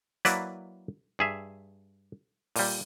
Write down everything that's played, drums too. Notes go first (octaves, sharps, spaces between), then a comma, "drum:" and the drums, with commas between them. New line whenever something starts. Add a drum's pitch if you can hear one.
F#3 A#3 E4 B4 D5, drum: hi-hat
G2 G#4 E5
A#2 G3, drum: open hi-hat